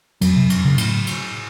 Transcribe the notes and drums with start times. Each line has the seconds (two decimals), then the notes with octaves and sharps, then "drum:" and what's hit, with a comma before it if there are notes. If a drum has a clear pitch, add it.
0.21 F2 F#3, drum: cymbal
0.36 C3
0.50 F#2, drum: cymbal
0.65 C#3
0.78 A2, drum: cymbal
1.07 drum: cymbal